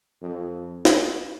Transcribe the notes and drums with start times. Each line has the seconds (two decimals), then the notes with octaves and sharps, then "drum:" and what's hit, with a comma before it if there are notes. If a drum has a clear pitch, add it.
0.22 F2
0.85 drum: snare